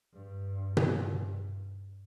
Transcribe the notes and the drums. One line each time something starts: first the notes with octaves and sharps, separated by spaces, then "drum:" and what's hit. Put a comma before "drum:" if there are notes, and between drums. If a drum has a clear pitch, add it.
G2
G2, drum: tom B2